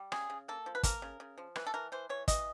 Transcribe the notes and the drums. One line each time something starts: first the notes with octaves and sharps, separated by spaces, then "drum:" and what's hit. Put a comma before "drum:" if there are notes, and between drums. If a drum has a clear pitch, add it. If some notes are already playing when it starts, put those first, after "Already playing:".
Already playing: G3
C#3 G#4, drum: rim click
C#3
A#3 A4
F3
B4
A#3 A#4, drum: kick, hi-hat
C#3
C#3
F3
E3 B4, drum: rim click
A4
E3 A#4
E3 C5
E3 C#5
E3 D#5, drum: kick, hi-hat